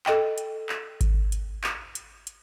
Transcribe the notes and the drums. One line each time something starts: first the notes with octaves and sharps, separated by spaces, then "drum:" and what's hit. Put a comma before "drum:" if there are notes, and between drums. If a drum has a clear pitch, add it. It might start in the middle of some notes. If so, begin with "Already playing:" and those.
A4 D#5 G5, drum: clap
drum: hi-hat
drum: clap
drum: kick G#1, hi-hat
drum: hi-hat
drum: clap
drum: hi-hat
drum: hi-hat